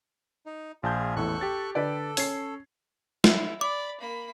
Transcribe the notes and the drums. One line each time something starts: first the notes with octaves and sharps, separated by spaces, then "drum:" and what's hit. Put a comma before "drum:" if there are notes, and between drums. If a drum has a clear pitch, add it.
D#4
A#1 F4 G#4 A5 G6
A1 E2 A2 A4 C#6 F#6
G4 A6
D3 A4 B4 D5
C#4 C#5 G#6 C7, drum: open hi-hat
E4, drum: snare
D5 B5 D6
A#3 B5